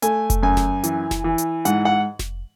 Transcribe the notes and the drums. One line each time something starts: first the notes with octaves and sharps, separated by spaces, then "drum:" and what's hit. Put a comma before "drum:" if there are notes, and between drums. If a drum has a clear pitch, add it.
A3 G#5, drum: hi-hat
drum: kick F1, hi-hat
F#2 G#5
drum: snare F1
E3, drum: hi-hat
drum: snare F1
E3
drum: hi-hat
G#2 F#5, drum: hi-hat
F#5
drum: snare F1